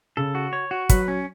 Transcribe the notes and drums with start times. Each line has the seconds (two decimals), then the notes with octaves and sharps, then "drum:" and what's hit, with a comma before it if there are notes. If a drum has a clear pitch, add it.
0.17 C#3 A4
0.35 F#4
0.53 C#5
0.71 F#4
0.89 F#3 B4, drum: kick, hi-hat
1.08 C#4